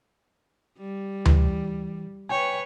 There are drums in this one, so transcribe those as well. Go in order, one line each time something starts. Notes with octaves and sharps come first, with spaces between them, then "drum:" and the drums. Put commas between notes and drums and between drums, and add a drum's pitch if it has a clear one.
G3
E3, drum: tom D2
B4 C#5 G5 G#5